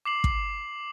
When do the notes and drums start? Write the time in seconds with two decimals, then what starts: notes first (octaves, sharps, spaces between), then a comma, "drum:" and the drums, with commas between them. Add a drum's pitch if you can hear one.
0.05 D6 C7 F#7
0.24 drum: kick